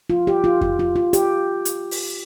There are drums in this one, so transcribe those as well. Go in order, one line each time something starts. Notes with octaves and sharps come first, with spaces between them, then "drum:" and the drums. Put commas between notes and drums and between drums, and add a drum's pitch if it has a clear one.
F4
G4
F4
F4, drum: kick F2
F4
F4
G4, drum: hi-hat
drum: hi-hat
drum: open hi-hat